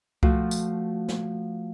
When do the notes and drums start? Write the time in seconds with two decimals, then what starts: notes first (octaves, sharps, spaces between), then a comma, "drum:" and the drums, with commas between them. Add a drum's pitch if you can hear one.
0.23 F3 A3 F4 F#4, drum: kick C2
0.51 drum: tambourine
1.08 drum: snare